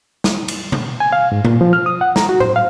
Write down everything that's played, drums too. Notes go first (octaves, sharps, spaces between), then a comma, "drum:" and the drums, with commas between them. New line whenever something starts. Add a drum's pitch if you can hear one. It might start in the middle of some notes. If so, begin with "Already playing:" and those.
drum: snare
drum: cymbal
drum: tom B2
G#5
F5
G#2
A#2, drum: tom B2
F3
F6
D#6
F#5
A#5, drum: snare
F#4
C5, drum: tom A2
F5